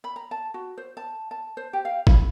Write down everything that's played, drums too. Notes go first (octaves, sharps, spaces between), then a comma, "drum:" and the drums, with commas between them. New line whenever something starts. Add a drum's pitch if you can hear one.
B5
A#5
A5
F#4
C5
A5
A5
C5
G4
F5
B5, drum: kick